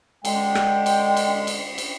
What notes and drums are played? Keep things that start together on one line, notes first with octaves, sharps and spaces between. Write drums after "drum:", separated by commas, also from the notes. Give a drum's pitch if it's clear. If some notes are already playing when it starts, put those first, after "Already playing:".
D3 G#3 G5, drum: cymbal
drum: rim click
drum: cymbal
drum: cymbal
drum: cymbal
drum: cymbal